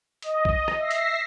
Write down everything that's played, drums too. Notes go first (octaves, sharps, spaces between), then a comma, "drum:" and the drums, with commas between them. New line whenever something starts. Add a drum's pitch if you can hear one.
D#5, drum: hi-hat
drum: kick B1
drum: rim click
E5 A#6 C7
drum: hi-hat